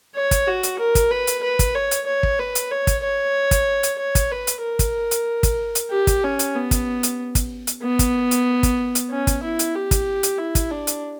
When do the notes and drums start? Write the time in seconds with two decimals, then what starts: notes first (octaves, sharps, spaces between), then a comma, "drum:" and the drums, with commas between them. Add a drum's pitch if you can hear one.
0.16 C#5
0.31 drum: kick, hi-hat
0.48 F#4
0.63 drum: hi-hat
0.79 A#4
0.95 drum: kick, hi-hat
1.11 B4
1.27 drum: hi-hat
1.43 B4
1.59 drum: kick, hi-hat
1.75 C#5
1.91 drum: hi-hat
2.07 C#5
2.23 drum: kick
2.39 B4
2.55 drum: hi-hat
2.71 C#5
2.87 drum: kick, hi-hat
3.03 C#5
3.51 drum: kick, hi-hat
3.83 drum: hi-hat
3.99 C#5
4.15 drum: kick, hi-hat
4.31 B4
4.47 drum: hi-hat
4.63 A#4
4.79 drum: kick, hi-hat
5.11 drum: hi-hat
5.43 drum: kick, hi-hat
5.75 drum: hi-hat
5.91 G4
6.07 drum: kick, hi-hat
6.24 C#4
6.39 drum: hi-hat
6.55 B3
6.71 drum: kick, hi-hat
7.03 drum: hi-hat
7.35 drum: kick, hi-hat
7.67 drum: hi-hat
7.83 B3
7.99 drum: kick, hi-hat
8.31 drum: hi-hat
8.63 drum: kick, hi-hat
8.95 drum: hi-hat
9.11 C#4
9.27 drum: kick, hi-hat
9.43 E4
9.59 drum: hi-hat
9.75 G4
9.91 drum: kick, hi-hat
10.23 drum: hi-hat
10.38 E4
10.55 drum: kick, hi-hat
10.71 D4
10.87 drum: hi-hat